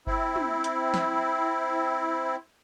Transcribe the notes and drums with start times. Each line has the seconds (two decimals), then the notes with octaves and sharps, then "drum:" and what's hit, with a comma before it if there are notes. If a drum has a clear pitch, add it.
0.07 C4 E4, drum: kick G1
0.36 drum: tom
0.64 drum: hi-hat
0.94 drum: snare